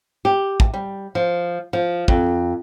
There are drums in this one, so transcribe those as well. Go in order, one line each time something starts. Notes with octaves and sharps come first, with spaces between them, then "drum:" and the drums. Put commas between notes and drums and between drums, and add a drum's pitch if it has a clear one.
G4
drum: kick
G3
F3
F3
F2, drum: kick